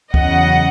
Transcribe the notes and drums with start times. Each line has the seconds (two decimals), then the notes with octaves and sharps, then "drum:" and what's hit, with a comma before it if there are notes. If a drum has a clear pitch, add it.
0.14 E2 C#3 F#3 D#5 F#5, drum: kick C#2